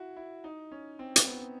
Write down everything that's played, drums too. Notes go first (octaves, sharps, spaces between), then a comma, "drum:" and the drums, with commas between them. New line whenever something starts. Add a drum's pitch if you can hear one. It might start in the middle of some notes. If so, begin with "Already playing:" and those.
Already playing: E4 F#4
E4
D#4
C#4
C4
drum: hi-hat
B3